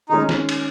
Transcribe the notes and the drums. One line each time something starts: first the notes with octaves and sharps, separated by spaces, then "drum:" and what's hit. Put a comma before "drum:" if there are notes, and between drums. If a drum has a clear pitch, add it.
D#3 G#3 C#4 D#4
drum: snare
drum: cymbal